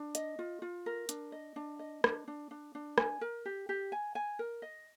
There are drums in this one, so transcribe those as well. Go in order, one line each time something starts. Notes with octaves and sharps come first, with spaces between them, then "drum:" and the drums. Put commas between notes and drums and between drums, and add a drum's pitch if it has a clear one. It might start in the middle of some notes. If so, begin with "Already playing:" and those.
Already playing: D4
D#5, drum: hi-hat
F4
F4
A#4
D4, drum: hi-hat
D#5
D4
D#5
D4, drum: rim click
D4
D4
D4
G#5, drum: rim click
A#4
G4
G4
G#5
G#5
A#4
D#5